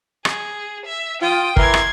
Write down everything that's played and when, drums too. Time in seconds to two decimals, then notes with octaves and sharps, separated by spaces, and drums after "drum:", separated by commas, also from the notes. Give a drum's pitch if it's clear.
0.25 G#4, drum: rim click
0.86 E5
1.22 F4 G5 D#6
1.57 E3 A#4 C6 G#6, drum: kick
1.74 drum: rim click